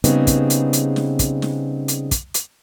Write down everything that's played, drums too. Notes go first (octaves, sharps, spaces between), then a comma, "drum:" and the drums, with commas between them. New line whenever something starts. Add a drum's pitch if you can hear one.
C#3 G3 B3 C4 D#4 G#4, drum: hi-hat
drum: kick, hi-hat
drum: hi-hat
drum: hi-hat
drum: snare
drum: kick, hi-hat
drum: snare
drum: hi-hat
drum: kick, hi-hat
drum: hi-hat